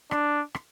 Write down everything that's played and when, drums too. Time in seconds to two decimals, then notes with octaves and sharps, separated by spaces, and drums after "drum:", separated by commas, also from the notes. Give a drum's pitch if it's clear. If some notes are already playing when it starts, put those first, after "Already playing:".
0.11 D4, drum: rim click
0.55 drum: rim click